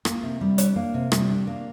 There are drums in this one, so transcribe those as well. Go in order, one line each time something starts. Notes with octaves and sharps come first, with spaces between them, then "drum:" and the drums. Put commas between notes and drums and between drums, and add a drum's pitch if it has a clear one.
A#3, drum: rim click
C3
G3
D4, drum: hi-hat
A#3
C3
G3, drum: rim click
D4
A#3